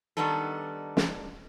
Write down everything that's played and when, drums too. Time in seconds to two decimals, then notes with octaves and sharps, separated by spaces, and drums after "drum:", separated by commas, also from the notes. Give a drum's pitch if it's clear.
0.17 D#3 G3 B3 D4 D#4 A4
0.97 drum: snare